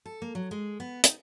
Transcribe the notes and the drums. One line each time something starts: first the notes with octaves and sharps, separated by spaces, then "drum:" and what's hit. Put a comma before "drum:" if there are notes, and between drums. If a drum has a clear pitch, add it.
A4
A#3
F#3
G#3
B3
D#4, drum: hi-hat